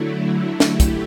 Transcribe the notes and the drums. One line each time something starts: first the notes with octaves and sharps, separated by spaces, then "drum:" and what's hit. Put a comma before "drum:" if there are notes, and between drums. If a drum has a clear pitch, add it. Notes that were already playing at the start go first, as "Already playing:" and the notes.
Already playing: D3 F#3 A3 E4
D3 A3 E4 G4, drum: snare
drum: kick, hi-hat